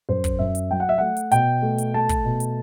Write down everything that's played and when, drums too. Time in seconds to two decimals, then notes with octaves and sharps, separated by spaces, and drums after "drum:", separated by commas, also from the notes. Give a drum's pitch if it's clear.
0.09 F#2 C5
0.24 drum: kick, hi-hat
0.39 F#2 E5
0.55 drum: hi-hat
0.71 F#3 G5
0.80 F#5
0.89 E5
0.98 A3 F#5
1.17 drum: hi-hat
1.32 B2 G5, drum: hi-hat
1.62 A3
1.78 drum: hi-hat
1.94 A3 A5
2.09 drum: kick, hi-hat
2.24 B2
2.40 drum: hi-hat